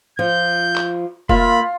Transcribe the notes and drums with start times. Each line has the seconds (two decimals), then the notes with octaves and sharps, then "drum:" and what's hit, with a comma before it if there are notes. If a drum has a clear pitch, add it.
0.19 F3 G6
0.76 drum: clap
1.29 A#3 F4 E5 B5, drum: kick F1